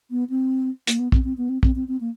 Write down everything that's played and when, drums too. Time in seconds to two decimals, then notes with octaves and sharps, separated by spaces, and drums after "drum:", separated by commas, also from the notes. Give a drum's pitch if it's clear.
0.11 B3
0.30 C4
0.87 A#3, drum: hi-hat
0.99 B3
1.12 C4, drum: kick
1.24 C4
1.37 B3
1.49 C4
1.63 C4, drum: kick
1.75 C4
1.88 C4
2.01 A#3